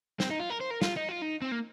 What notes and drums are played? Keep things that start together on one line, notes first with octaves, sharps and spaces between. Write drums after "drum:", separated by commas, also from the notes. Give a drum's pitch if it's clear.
C4, drum: snare
D#4
F4
A#4
C5
A#4
F4, drum: snare
D#4
F4
D#4
C4
A#3